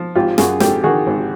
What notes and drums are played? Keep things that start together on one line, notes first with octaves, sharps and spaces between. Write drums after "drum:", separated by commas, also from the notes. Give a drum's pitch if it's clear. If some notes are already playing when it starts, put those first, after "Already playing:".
Already playing: F3
G#1 F4 G4
F#2 F#4 G#4, drum: snare
G#1 G4 A4, drum: snare
D#3 F#4 G#4
G#1